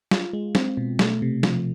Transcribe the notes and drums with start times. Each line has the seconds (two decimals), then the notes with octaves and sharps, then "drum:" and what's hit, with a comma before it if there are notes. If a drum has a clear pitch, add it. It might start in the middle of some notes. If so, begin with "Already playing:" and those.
0.11 F4, drum: snare
0.33 G#3
0.55 C4, drum: snare
0.77 B2
0.99 A3, drum: snare
1.22 C3
1.43 F3, drum: snare